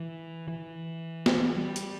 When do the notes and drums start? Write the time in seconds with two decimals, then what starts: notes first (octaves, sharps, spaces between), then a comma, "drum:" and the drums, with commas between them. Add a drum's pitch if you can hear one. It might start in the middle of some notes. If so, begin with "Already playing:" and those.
Already playing: E3
0.48 E3
1.26 drum: snare
1.56 G3
1.76 drum: hi-hat